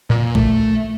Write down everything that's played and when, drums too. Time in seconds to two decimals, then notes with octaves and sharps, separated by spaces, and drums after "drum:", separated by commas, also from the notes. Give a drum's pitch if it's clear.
0.10 A#2
0.35 A3, drum: kick A1